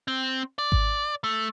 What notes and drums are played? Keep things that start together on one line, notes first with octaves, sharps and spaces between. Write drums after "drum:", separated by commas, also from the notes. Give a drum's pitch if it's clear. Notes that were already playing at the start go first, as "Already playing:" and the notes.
C4
D5
drum: kick G#1
A3